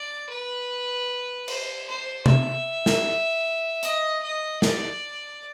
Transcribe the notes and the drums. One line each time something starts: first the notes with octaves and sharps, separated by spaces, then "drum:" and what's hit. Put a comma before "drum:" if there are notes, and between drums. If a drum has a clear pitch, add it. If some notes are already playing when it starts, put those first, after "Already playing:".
Already playing: D5
B4
C5, drum: cymbal
C5
E5, drum: tom
drum: snare
D#5, drum: hi-hat
D#5
D5, drum: snare